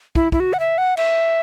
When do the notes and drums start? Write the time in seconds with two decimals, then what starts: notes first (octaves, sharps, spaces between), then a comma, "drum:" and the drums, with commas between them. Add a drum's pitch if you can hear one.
0.15 E4, drum: kick
0.32 E4, drum: kick
0.40 F#4
0.53 F#5
0.60 E5
0.78 F#5
0.97 E5, drum: cymbal